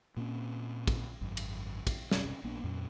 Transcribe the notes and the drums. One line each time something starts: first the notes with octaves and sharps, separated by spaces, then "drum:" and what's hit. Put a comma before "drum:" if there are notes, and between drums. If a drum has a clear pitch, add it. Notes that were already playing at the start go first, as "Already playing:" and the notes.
A#2 A#3 C4 C#4
drum: kick, cymbal
G#1 F#2
drum: cymbal
drum: kick, cymbal
E1 G2 C3 C#4, drum: snare
A#1 A#3 B3 D4
F2 A#2 F#3 C#4